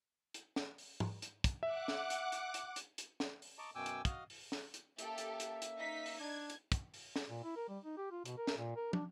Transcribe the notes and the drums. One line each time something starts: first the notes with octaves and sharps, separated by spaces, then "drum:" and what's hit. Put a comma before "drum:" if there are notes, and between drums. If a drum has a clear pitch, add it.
drum: hi-hat
drum: snare
drum: open hi-hat
drum: tom G#2
drum: hi-hat
drum: kick, hi-hat
E5 F#5 D6 F#6
drum: snare
drum: hi-hat
drum: hi-hat
drum: hi-hat
drum: hi-hat
drum: hi-hat
drum: snare
drum: open hi-hat
D#5 A5 A#5 C#6 D6
F#2 B2 G5 G#5 D6 E6
drum: hi-hat
F#4 D#5 F5 D#6 F6, drum: kick, hi-hat
drum: open hi-hat
drum: snare
drum: hi-hat
A#3 C#4 G4 A4 E5, drum: hi-hat
drum: hi-hat
drum: hi-hat
drum: hi-hat
D#4 B6
drum: open hi-hat
D4 G#6
drum: hi-hat
drum: kick, hi-hat
drum: open hi-hat
drum: snare
A#2
E4
A#4
G3
D#4
G4
F4
B2, drum: hi-hat
A#4
drum: snare
A#2
A#4
D4, drum: tom